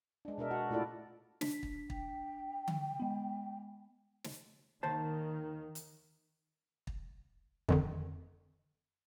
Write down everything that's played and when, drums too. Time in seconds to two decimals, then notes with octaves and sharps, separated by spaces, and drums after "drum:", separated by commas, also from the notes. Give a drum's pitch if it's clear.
0.25 G#3 D4
0.38 B2 D4 A#4 E5
0.51 F#4 F#5
0.70 A#2 A3 E4 F4 A4 D5
1.41 D4 B6, drum: snare
1.63 drum: kick
1.90 G5, drum: kick
2.68 drum: tom D3
3.00 G#3 B3
4.24 drum: snare
4.83 D#2 D#3 C5 A5
5.75 drum: hi-hat
6.87 drum: kick
7.69 F2 D3 D#3, drum: kick